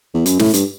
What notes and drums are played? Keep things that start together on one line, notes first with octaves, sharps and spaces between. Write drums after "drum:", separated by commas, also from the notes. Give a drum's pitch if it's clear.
E2
F#2, drum: hi-hat
A2, drum: snare
G2, drum: hi-hat